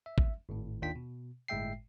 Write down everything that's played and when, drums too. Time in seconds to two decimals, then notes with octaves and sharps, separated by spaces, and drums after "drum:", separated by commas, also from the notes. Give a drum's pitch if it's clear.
0.06 E5
0.18 drum: kick
0.49 G#1 A2
0.82 D#2 D#3 D4 F4 G5 B6
0.95 B2
1.48 G1 A2 G#3 E5 G5 C7